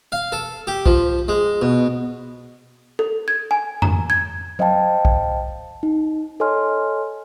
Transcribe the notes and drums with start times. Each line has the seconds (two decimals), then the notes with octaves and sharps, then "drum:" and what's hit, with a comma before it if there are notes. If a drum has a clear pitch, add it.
0.12 F5
0.32 A4
0.67 G4
0.86 F3, drum: kick B1
1.28 G#3
1.62 B2
2.99 A4
3.28 G#6
3.51 G#5
3.82 A#5, drum: tom F2
4.10 G#6
4.59 C5 D#5 F5 G5 A5, drum: tom F#3
5.05 drum: kick B1
5.83 D#4
6.40 A4 C#5 D#5 G#5 C6 F6